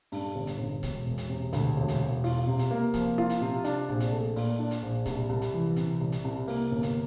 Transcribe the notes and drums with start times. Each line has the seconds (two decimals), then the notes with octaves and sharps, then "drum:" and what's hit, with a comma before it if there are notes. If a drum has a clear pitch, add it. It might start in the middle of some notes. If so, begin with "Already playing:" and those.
0.12 G2, drum: open hi-hat
0.36 G1
0.47 drum: hi-hat
0.58 G1
0.83 E1, drum: kick C#1, hi-hat
1.06 E1
1.18 drum: hi-hat
1.29 C3
1.53 D2, drum: hi-hat
1.77 E1
1.88 drum: hi-hat
2.00 E1
2.24 F4, drum: open hi-hat
2.47 C3
2.59 drum: hi-hat
2.71 A#3
2.94 F3, drum: kick C#1, hi-hat
3.18 F4
3.30 drum: hi-hat
3.41 C3
3.64 D4, drum: hi-hat
3.89 A#1
4.00 drum: hi-hat
4.12 A3
4.36 A#2, drum: open hi-hat
4.59 D4
4.71 drum: hi-hat
4.83 A#1
5.06 C2, drum: kick C#1, hi-hat
5.29 C2
5.42 drum: hi-hat
5.54 E3
5.76 C3, drum: hi-hat
6.01 C2
6.12 drum: hi-hat
6.25 C2
6.48 A#3, drum: open hi-hat
6.72 G1
6.83 drum: hi-hat